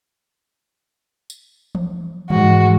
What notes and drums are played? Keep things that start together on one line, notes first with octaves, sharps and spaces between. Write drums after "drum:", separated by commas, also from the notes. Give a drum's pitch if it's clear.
drum: tambourine
drum: tom E3
G#2 E3 G#3 F#4, drum: tom E3